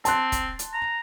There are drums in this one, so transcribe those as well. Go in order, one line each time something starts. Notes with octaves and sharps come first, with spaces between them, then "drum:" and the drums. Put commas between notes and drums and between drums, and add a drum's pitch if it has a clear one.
C4 A5 C6 F#6, drum: hi-hat
drum: kick, hi-hat
drum: hi-hat
A#5